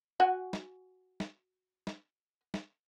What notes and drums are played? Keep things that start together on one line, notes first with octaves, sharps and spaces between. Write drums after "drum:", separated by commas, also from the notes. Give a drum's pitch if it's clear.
F#4 F#5 G#5
drum: snare
drum: snare
drum: snare
drum: snare